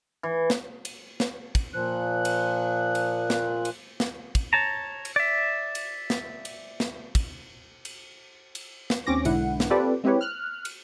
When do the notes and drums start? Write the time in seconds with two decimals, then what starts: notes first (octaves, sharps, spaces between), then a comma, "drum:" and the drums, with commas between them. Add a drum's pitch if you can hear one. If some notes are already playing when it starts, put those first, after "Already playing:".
0.23 E3
0.50 drum: snare
0.85 drum: cymbal
1.20 drum: snare
1.55 drum: kick, cymbal
1.74 A#2 F3 F#6
2.25 drum: cymbal
2.95 drum: cymbal
3.30 drum: snare
3.65 drum: cymbal
4.00 drum: snare
4.35 drum: kick, cymbal
4.53 C#5 A5 A#5
5.05 drum: cymbal
5.16 D5 E5
5.75 drum: cymbal
6.10 drum: snare
6.45 drum: cymbal
6.80 drum: snare
7.15 drum: kick, cymbal
7.85 drum: cymbal
8.55 drum: cymbal
8.90 drum: snare
9.07 D#2 C4 C#4 D6 A#6
9.25 B1 G#2 D3 E4 F#5, drum: cymbal
9.60 drum: snare
9.70 C4 F4 G4 A4 B4 D5
10.04 G#3 C4 E4 G4 B4 C#5
10.21 F6 F#6
10.65 drum: cymbal